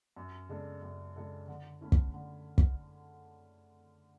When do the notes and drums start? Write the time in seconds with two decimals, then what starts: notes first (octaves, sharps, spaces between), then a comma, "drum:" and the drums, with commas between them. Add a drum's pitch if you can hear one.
0.16 F#2
0.49 C#3 G#3 D4 A4
0.82 F#2
1.16 C#3 G#3 D4 A4
1.48 D3
1.81 A3 C#4 E4 A4
1.92 drum: kick
2.14 D3
2.58 drum: kick